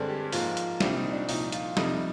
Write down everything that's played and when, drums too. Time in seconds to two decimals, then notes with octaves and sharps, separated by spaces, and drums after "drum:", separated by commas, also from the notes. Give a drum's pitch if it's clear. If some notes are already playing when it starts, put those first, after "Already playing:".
Already playing: G2 D3 G#3 C4 D5
0.09 G4
0.32 G#2 F3 A#3 F4, drum: open hi-hat
0.57 drum: hi-hat
0.80 C2 A#2 G3 C4 D4, drum: snare
0.97 D#4
1.13 D4
1.29 C2 A#2 F3 D#4, drum: open hi-hat
1.52 F4, drum: hi-hat
1.77 F2 C3 G3 D#4, drum: snare